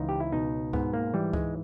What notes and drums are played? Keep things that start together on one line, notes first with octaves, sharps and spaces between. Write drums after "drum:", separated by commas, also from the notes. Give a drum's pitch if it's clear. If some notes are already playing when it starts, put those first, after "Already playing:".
Already playing: C#2 E3 D#4
G4
E4
B2 D#4
G#2 B3, drum: kick C#2
A#3
E3 G3
G#3, drum: kick C#2